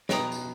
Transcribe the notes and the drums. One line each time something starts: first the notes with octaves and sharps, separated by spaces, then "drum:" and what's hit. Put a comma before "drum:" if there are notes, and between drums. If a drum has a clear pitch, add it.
B2 B4 D#5 G5 A#5 D#6, drum: snare
drum: tambourine